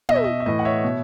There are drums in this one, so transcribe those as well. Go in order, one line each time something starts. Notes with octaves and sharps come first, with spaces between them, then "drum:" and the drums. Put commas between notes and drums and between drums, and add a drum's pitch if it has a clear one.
B2 D#5, drum: tom
E5
D#5
E5
A2 E3 D#5
F#5
C#5 E5
B2